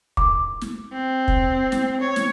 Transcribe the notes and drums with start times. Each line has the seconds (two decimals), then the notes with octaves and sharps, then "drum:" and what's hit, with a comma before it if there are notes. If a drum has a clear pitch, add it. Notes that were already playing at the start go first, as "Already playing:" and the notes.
0.17 D6, drum: kick
0.61 drum: snare
0.92 C4
1.28 drum: kick
1.72 drum: snare
2.01 C#5
2.16 drum: snare